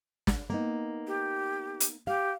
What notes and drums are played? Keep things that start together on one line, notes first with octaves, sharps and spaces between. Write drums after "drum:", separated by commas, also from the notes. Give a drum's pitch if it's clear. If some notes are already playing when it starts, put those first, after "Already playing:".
drum: snare
A#3 B3 D#4
G4
drum: hi-hat
G4 F5